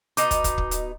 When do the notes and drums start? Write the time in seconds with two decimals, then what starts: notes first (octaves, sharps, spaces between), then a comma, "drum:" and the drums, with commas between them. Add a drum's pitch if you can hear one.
0.17 B2 D#4 D6, drum: hi-hat
0.31 drum: kick, hi-hat
0.44 drum: kick, hi-hat
0.58 drum: kick
0.71 drum: hi-hat